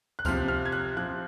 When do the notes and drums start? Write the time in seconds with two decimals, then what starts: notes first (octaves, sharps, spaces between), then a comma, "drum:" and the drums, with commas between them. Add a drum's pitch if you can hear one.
0.19 F#6
0.25 C3 F3 C4 F6, drum: kick C#2, tambourine
0.48 F6
0.65 G#6
0.72 F#6
0.97 C3 F3 C4 F#6